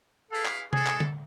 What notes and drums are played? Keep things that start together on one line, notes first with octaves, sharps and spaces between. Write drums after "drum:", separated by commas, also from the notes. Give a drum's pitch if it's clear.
E4 G#4 A4 B4 F5
drum: clap
G#3 D4 G#4 A4 D5, drum: tom C3
drum: clap
drum: tom D3